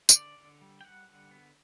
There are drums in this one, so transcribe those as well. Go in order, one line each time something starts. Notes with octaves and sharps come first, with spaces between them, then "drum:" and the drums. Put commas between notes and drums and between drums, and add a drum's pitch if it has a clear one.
C5, drum: tambourine
D3 D5
D3
G3
G5
G3 F#5
D3
B3